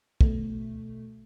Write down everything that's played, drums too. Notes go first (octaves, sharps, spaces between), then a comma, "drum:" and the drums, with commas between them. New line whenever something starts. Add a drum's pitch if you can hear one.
B2 A3, drum: kick